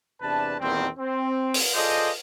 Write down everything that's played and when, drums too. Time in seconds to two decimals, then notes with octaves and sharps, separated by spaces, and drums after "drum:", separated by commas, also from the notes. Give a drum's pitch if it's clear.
0.22 E2 C3 D4 B4 A5
0.60 E2 A#2 D#3 G3 C4
0.98 C4
1.54 drum: open hi-hat
1.74 F4 G#4 A4 C5 D5 D#5